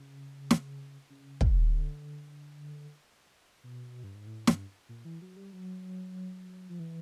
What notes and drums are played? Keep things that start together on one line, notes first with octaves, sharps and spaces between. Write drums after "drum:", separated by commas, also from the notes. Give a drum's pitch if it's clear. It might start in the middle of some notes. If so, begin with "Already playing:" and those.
Already playing: C#3
drum: snare
C#3
drum: kick
D#3
D3
B2
G2
G#2
A2
G2, drum: snare
A#2
E3
F#3
G3
F#3
F3
E3